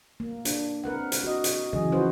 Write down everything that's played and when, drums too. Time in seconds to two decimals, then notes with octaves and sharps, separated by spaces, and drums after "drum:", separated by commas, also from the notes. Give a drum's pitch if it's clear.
0.20 A#3
0.45 D4, drum: hi-hat
0.84 C4 A#4 B4 F#5
1.12 drum: hi-hat
1.24 F#4 D#5
1.44 drum: hi-hat
1.73 C#3 E3 F#3 G#4 D#5
1.92 F3 C#4 D#4 F#4 B4 C5